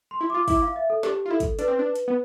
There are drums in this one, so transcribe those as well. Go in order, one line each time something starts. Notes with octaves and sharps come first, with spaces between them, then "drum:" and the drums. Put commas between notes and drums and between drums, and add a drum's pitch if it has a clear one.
C6
E4
F4 D6
E4 D6, drum: kick, open hi-hat
F5
E5
A4
D4 G4, drum: snare
F4
E4 A4
drum: kick, hi-hat
D4 B4, drum: hi-hat
C4
D4
drum: hi-hat
B3